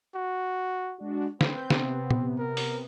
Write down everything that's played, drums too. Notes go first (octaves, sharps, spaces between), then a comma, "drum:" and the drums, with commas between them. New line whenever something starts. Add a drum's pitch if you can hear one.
F#4
G#3 D4 F#4
C4 B4 G6, drum: snare
C3 B3, drum: snare
drum: tom A#2
A#4
drum: open hi-hat